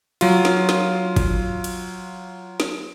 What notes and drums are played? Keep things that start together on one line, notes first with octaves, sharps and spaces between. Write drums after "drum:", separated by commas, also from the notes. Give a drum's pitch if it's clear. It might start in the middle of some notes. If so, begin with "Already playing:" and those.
F#3 F4, drum: cymbal
drum: snare
drum: snare
drum: kick, cymbal
drum: cymbal
drum: snare